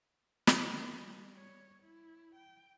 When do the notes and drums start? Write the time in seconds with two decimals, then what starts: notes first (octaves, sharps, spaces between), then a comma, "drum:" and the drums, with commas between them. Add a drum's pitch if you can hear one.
0.47 drum: snare
0.69 D#3
1.01 G3
1.36 C#5
1.83 E4
2.35 G5